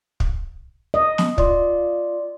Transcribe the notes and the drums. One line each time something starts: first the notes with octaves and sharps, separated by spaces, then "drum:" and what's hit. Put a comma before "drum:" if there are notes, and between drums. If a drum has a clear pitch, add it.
drum: kick
D#5
drum: snare
F4 D5 C6, drum: kick